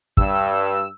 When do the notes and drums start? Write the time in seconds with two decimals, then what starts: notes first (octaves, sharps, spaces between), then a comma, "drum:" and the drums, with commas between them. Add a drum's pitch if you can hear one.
0.17 G2 E6, drum: kick